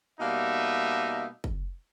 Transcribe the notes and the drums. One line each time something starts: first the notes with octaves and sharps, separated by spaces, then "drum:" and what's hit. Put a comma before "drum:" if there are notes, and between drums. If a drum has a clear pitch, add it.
B2 G3 A#3 D#4 E5
drum: kick